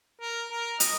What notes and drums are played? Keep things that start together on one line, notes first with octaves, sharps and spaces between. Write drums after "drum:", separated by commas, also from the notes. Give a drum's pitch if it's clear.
A#4
A#4
D#5, drum: hi-hat